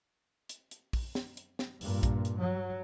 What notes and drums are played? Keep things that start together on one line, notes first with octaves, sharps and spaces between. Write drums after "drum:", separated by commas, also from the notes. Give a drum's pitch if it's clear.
drum: hi-hat
drum: hi-hat
drum: kick A#1, open hi-hat
drum: snare
drum: hi-hat
drum: snare
G2 A#2, drum: open hi-hat
drum: kick A#1, hi-hat
drum: hi-hat
F#3